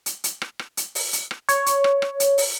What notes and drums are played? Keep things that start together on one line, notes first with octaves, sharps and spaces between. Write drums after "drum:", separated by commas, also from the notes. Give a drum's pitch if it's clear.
drum: hi-hat
drum: hi-hat
drum: rim click
drum: rim click
drum: hi-hat
drum: open hi-hat
drum: hi-hat
drum: rim click
C#5, drum: hi-hat
drum: hi-hat
drum: rim click
drum: rim click
drum: hi-hat
drum: open hi-hat